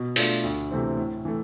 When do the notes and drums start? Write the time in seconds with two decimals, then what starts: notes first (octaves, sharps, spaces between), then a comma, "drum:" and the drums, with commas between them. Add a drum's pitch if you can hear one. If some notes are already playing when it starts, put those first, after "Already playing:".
Already playing: B2
0.16 A3 D4 F4, drum: open hi-hat
0.44 D2
0.71 C3 E3 A3 C4
0.97 A2
1.25 E3 A3